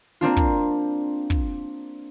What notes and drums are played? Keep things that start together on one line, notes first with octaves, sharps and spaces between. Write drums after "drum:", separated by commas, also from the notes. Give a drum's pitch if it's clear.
A#3 C4 D4 F4
drum: kick
drum: kick